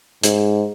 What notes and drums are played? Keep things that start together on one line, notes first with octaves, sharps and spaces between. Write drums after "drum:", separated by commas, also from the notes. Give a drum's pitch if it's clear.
G#2, drum: hi-hat